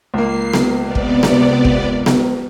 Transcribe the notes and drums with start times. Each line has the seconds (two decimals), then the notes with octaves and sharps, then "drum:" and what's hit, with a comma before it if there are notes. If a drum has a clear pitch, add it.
0.14 C#2 A#3 C7
0.54 drum: snare B3
0.81 C3 B3 D5
0.95 drum: kick
1.23 drum: snare B3
1.65 drum: kick
2.06 drum: snare B3